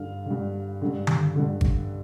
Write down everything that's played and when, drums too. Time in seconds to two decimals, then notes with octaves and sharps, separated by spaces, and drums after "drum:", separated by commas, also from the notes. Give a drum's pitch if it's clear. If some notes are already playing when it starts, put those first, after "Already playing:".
Already playing: G2 D3 F5
0.26 G2 D3
0.82 G2 D3
1.07 drum: tom D3
1.36 G2 D3
1.61 drum: kick G#1